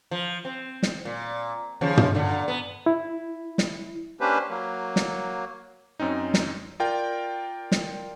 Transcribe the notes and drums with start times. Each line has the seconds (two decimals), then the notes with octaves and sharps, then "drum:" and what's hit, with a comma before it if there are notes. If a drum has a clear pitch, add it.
0.11 F3
0.45 C4
0.83 drum: snare
1.05 A#2
1.81 D#2 C#3 F3
1.97 drum: tom
2.15 A#2 D3
2.48 B3
2.86 E4
3.58 drum: snare
4.21 A#3 C#4 D4 G4 B4 C5
4.50 F#3 A#3
4.96 drum: snare
6.00 F#2 C4 C#4 D#4
6.34 drum: snare
6.80 F4 A#4 D5 G5
7.72 drum: snare